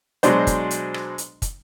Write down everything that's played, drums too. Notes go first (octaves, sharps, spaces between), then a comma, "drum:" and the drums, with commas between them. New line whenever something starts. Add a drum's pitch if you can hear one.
B2 F#3 G#3 D4 C5, drum: hi-hat
drum: kick, hi-hat
drum: hi-hat
drum: rim click
drum: hi-hat
drum: kick, hi-hat